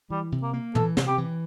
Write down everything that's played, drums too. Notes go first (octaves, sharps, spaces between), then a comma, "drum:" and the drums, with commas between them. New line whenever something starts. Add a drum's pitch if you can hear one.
E3 G3
C3
A#3
A#3
E3 A4, drum: tom
C3, drum: snare
G4
E3